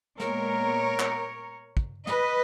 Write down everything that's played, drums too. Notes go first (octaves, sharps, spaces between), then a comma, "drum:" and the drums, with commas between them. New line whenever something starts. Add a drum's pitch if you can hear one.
A#2 G#3 B3 A#4 C#5, drum: snare
drum: clap
drum: kick
B4 D#5, drum: snare